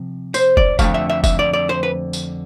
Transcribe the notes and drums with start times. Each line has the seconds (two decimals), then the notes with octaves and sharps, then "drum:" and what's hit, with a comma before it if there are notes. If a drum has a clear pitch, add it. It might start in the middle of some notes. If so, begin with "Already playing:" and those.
Already playing: C3 F3
0.34 C5, drum: tambourine
0.57 D5, drum: kick
0.79 F2 D3 F3 A3 F5, drum: kick, tambourine
0.94 E5
1.10 E5
1.24 E5, drum: kick, tambourine
1.39 D5
1.53 D5
1.69 C5
1.83 B4
2.13 drum: tambourine